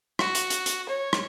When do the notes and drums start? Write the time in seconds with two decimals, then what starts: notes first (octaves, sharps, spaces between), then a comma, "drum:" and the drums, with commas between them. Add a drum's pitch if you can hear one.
0.19 F#4, drum: rim click
0.35 drum: hi-hat
0.50 drum: hi-hat
0.66 drum: hi-hat
0.89 C#5
1.13 drum: rim click